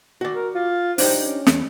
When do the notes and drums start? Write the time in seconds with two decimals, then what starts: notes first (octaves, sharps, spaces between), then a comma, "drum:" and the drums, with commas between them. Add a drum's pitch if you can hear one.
0.21 F#4 D5
0.34 A#4
0.55 F4
0.98 D4 D#4 G4 C5, drum: open hi-hat
1.22 C#4
1.47 E2, drum: snare